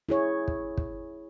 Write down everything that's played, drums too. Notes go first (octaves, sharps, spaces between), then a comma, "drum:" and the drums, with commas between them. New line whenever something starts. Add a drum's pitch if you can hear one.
E4 G#4 C#5
drum: kick
drum: kick